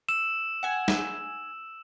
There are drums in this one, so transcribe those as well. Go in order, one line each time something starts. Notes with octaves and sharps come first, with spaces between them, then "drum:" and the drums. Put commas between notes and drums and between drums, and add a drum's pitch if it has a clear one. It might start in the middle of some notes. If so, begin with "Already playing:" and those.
E6 E7
F#5 G#5
drum: snare